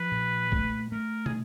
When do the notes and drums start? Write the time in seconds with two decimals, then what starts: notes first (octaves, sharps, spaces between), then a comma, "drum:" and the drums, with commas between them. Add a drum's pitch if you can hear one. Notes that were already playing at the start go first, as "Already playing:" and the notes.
Already playing: F3 B4
0.12 A#2
0.52 A3, drum: kick
0.92 A3 A#4
1.26 G#4, drum: tom